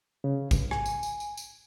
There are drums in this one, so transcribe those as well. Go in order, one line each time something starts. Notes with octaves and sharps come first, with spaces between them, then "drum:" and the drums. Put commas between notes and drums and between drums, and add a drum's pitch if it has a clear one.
C#3
G2, drum: kick, tambourine
G#5, drum: rim click
drum: tambourine
drum: tambourine
drum: tambourine
drum: tambourine